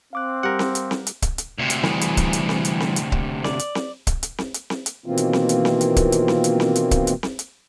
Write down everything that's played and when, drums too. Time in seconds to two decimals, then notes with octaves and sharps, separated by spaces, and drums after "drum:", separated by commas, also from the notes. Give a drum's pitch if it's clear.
0.13 C4 F5 D6 F#6
0.43 G3 A#4 F#5
0.59 drum: snare C4
0.75 drum: hi-hat
0.91 drum: snare C4
1.07 drum: hi-hat
1.22 drum: kick C#1, hi-hat
1.38 drum: hi-hat
1.59 D2 C3
1.70 drum: hi-hat
1.83 E3 G3 G#4, drum: snare C4
2.01 drum: hi-hat
2.17 drum: kick C#1, hi-hat
2.33 drum: hi-hat
2.49 drum: snare C4
2.65 drum: hi-hat
2.80 drum: snare C4
2.96 drum: hi-hat
3.12 drum: kick C#1
3.44 D5, drum: snare C4
3.59 drum: hi-hat
3.75 drum: snare C4
4.07 drum: kick C#1, hi-hat
4.23 drum: hi-hat
4.38 drum: snare C4
4.54 drum: hi-hat
4.70 drum: snare C4
4.86 drum: hi-hat
5.06 B2 D#3 E3 A#3 C4 F4
5.17 drum: hi-hat
5.33 drum: snare C4
5.49 drum: hi-hat
5.65 drum: snare C4
5.81 drum: hi-hat
5.96 drum: kick C#1, hi-hat
6.12 drum: hi-hat
6.28 drum: snare C4
6.44 drum: hi-hat
6.60 drum: snare C4
6.75 drum: hi-hat
6.91 drum: kick C#1, hi-hat
7.07 drum: hi-hat
7.23 drum: snare C4
7.39 drum: hi-hat